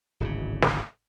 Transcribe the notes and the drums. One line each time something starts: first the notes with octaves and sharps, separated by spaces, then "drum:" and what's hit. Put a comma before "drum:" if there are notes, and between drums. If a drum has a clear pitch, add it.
D1 G#1 C#3
drum: snare